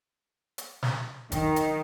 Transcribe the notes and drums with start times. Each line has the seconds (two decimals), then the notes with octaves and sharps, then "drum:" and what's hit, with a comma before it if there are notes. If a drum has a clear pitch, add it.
0.58 drum: hi-hat
0.83 drum: snare
1.32 D#3, drum: kick, hi-hat
1.56 drum: hi-hat